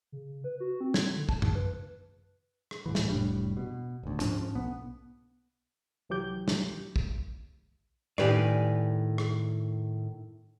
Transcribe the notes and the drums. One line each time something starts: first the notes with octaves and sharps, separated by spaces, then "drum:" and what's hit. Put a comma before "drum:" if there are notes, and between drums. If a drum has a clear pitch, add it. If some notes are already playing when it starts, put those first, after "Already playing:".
C#3
B4
F#4
C4
G#6, drum: snare
D3
A5, drum: kick
C#3, drum: tom F#2
B4
drum: rim click
D1 G#2 E3
drum: snare
F1 A2 G3 D4
B2
D#1 D2
G#2 F3 C#4 D4, drum: hi-hat
B1 B3
C2 E3 F#3 G4 D6 G6
drum: snare
drum: kick
A2 D#3 G4 B4 D5 G#5, drum: rim click
drum: rim click